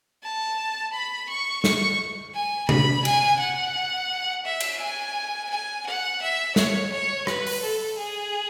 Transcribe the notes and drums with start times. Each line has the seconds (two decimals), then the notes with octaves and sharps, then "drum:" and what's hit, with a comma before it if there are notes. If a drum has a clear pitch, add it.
0.23 A5
0.93 B5
1.29 C#6
1.64 C#6, drum: snare
2.35 G#5
2.69 B5, drum: tom
3.05 G#5, drum: cymbal
3.40 F#5
4.45 E5
4.60 drum: cymbal
4.81 G#5
5.50 G#5
5.87 F#5
6.22 E5
6.56 C#5, drum: snare
6.92 C#5
7.27 B4, drum: rim click
7.47 drum: open hi-hat
7.62 A4
7.97 G#4